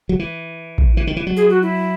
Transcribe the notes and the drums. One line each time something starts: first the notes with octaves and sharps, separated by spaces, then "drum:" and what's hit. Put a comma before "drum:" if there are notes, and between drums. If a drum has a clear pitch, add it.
F#3
E3
drum: kick A1
E3
D#3
E3
F#3
G#4
F#4
E4